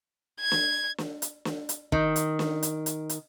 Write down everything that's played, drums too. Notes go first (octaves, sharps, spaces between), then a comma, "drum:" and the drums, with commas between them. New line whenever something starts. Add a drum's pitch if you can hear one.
G#6
drum: snare
drum: snare
drum: hi-hat
drum: snare
drum: hi-hat
D#3, drum: kick
drum: hi-hat
drum: snare
drum: hi-hat
drum: hi-hat
drum: hi-hat